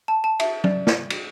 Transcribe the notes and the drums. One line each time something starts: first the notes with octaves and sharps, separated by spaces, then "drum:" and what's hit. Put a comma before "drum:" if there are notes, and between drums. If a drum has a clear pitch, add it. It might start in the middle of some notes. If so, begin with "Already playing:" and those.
A5
A5
E5, drum: cymbal
D5, drum: tom F#3
drum: snare
drum: cymbal